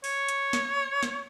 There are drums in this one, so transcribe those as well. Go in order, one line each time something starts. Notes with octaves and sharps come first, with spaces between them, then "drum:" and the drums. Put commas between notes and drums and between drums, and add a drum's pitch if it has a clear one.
C#5, drum: open hi-hat
drum: hi-hat
drum: snare
drum: snare